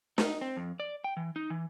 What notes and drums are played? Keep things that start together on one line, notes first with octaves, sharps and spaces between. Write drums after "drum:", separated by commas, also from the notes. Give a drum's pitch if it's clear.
D#4, drum: snare
C4
F2
D5
G5
E3
D#4
E3